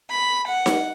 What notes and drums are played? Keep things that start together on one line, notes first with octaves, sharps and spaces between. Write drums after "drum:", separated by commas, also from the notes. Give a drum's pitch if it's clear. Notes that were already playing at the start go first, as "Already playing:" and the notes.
B5
F#5
drum: snare D#4